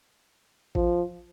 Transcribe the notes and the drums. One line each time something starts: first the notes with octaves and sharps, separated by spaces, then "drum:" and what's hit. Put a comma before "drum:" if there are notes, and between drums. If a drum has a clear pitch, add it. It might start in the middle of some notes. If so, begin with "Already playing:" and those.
F3, drum: kick A1